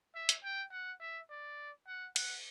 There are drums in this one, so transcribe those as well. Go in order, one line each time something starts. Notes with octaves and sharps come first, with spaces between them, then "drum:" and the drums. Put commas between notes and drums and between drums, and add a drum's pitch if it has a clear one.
E5
drum: hi-hat
G5
F#5
E5
D5
F#5
F#5, drum: cymbal